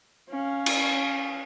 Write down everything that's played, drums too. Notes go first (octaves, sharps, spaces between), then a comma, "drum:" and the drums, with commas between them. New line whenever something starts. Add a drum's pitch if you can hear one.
C#4 F5
drum: cymbal